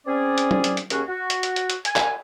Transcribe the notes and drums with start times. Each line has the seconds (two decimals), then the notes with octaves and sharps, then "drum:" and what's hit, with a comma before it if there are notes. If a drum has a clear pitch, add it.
0.07 C4 C#4 G#4 D5
0.38 drum: hi-hat
0.51 drum: tom F#3
0.64 drum: hi-hat
0.77 drum: hi-hat
0.90 D#2 C#4 F#4 G#4, drum: hi-hat
1.08 F#4
1.30 drum: hi-hat
1.43 drum: hi-hat
1.56 drum: hi-hat
1.70 drum: hi-hat
1.85 G#5, drum: hi-hat
1.96 drum: clap